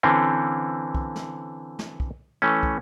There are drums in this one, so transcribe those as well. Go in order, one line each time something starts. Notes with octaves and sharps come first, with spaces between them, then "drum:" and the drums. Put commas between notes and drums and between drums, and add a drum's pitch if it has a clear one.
D3 E3 C4 C#4
drum: kick
drum: snare
drum: snare
drum: kick
E3 A3 C#4
drum: kick